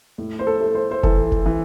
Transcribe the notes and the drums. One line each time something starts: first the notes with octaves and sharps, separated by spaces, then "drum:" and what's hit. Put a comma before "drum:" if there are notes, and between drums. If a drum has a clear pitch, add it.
A2
C5
A4
A3
C5
C5
E3 A4, drum: kick F1
drum: kick F1
E3